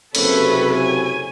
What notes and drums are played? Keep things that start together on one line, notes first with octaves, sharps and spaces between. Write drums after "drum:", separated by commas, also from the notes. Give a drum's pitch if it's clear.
F#1 C3 A4 B4 C#5, drum: cymbal
G#5